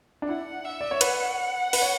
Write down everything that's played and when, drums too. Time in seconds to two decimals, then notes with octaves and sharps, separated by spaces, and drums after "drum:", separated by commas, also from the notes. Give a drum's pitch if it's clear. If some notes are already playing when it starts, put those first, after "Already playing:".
0.22 D4
0.29 E4 F#5
0.64 E5
0.81 D5
0.91 C#5
1.01 B4 F#5, drum: hi-hat
1.73 B4, drum: open hi-hat
1.82 C#5